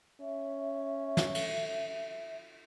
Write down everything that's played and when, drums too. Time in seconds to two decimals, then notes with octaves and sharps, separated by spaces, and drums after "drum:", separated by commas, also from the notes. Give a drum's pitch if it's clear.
0.21 C#4 E5
1.17 drum: snare
1.35 drum: cymbal